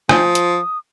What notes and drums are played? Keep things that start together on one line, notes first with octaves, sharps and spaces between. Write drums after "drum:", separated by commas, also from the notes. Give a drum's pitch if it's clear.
F3 D#6, drum: rim click
drum: hi-hat